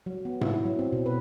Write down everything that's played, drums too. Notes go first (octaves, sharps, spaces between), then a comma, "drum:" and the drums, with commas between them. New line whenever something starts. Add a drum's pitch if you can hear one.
F#3
B3
E4, drum: tom G#2
F#3
C4
B2
B4